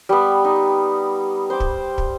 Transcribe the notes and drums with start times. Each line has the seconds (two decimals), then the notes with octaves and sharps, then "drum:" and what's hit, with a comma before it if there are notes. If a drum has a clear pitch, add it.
0.09 G3 B3
0.45 D#4
1.50 C5 D6
1.60 drum: kick
1.98 drum: kick